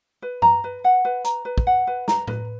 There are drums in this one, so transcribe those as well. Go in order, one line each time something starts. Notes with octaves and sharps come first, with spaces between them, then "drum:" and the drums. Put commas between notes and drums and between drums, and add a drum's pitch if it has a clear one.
B4
A#5, drum: tom G2
B4
F#5
B4
A#5, drum: hi-hat
B4
drum: kick
F#5
B4
A#5, drum: snare
B4, drum: tom A2